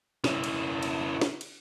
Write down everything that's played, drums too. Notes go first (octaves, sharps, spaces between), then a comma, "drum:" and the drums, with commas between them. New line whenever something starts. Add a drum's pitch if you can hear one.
C#3 E4, drum: snare
drum: cymbal
drum: cymbal
drum: snare
drum: cymbal